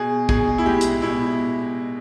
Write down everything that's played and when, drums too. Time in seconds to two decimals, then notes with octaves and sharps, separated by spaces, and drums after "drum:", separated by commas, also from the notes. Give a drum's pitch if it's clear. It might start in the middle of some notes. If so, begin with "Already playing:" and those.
Already playing: B2 G#4
0.29 B2 G#4, drum: kick A#1
0.58 E4
0.66 G#3 G4
0.81 drum: hi-hat
1.02 B2 E4